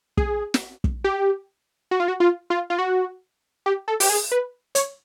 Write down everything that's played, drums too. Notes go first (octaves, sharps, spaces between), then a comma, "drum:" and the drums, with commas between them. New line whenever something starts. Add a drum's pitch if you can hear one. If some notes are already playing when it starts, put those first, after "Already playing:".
G#4, drum: kick
drum: snare
drum: kick
G4
F#4
F4
F#4
F4
F4
F4
F#4
G4
A4
G4, drum: open hi-hat
G#4
B4
C#5, drum: hi-hat